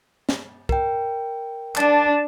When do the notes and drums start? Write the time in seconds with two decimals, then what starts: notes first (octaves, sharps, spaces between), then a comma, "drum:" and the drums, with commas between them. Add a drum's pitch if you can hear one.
0.29 drum: snare
0.69 A#4 G5, drum: kick
1.76 D4 D5 A5, drum: clap